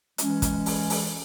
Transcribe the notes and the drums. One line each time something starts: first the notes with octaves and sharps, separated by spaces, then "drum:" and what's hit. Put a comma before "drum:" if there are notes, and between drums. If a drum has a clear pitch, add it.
E3 G#3 C#4, drum: hi-hat
drum: kick, hi-hat
drum: open hi-hat
drum: open hi-hat